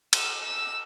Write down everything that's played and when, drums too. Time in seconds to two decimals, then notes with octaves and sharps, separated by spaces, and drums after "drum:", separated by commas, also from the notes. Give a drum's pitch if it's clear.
0.13 E6, drum: cymbal
0.43 E6